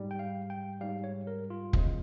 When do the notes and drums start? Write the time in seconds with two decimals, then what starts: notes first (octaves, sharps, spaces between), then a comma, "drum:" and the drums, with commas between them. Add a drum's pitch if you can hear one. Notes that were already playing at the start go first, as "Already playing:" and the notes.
Already playing: G#2 G3
0.11 G5
0.19 F5
0.50 G5
0.81 G#2 G3 F5
1.04 C#5
1.27 A#4
1.50 F4
1.73 E2 C#3 F3 G#3, drum: kick